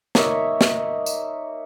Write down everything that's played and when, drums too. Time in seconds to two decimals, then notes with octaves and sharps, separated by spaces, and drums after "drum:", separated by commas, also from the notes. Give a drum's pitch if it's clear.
0.15 A#3 D#4 C#5 E5, drum: snare
0.61 drum: snare
1.06 drum: tambourine